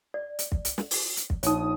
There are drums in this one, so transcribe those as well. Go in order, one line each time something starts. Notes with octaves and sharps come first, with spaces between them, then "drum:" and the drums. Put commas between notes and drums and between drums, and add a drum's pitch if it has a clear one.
D5
drum: hi-hat
drum: kick
drum: hi-hat
drum: snare
drum: open hi-hat
drum: hi-hat
drum: kick
A#1 D#4 C#5 D#6, drum: hi-hat